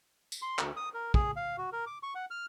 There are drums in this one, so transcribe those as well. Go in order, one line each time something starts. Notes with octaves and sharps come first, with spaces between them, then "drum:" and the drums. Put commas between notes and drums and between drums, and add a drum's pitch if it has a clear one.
drum: tambourine
C6
D2, drum: clap
D#6
A#4
G#4, drum: kick
F5
F#4
A#4
D6
C#6
F#5
F6